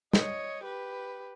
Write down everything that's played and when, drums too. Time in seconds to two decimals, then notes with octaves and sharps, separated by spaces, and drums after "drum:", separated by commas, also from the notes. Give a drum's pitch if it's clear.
0.13 C#5 D#5, drum: snare
0.64 G4 B4